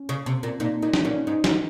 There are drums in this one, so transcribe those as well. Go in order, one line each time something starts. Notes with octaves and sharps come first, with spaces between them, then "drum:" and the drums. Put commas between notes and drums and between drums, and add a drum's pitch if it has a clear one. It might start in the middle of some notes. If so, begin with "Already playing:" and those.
Already playing: C#4
C#3
C3
A#2
A#2 D#4
A#2 D#4
drum: snare
A#2 C#4
G#2 D#4
G#2, drum: snare